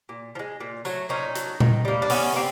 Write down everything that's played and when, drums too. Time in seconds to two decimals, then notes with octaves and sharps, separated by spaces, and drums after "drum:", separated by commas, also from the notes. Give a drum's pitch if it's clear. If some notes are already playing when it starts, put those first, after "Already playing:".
0.09 A#2
0.35 F3
0.39 G#3
0.60 A#2
0.85 F#3 A3, drum: tambourine
1.09 A#2 C#4 D#4
1.35 F#3 A3, drum: hi-hat
1.60 D#3, drum: tom A#2
1.85 G3 A#3
2.02 D4
2.10 D#3 B3 C#4, drum: open hi-hat
2.36 G3 A#3 C4